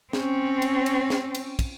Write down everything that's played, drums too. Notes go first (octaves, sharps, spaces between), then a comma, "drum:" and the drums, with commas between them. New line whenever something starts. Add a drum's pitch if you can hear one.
C4 C#4, drum: snare
drum: cymbal
drum: cymbal
drum: snare
drum: cymbal
drum: kick, cymbal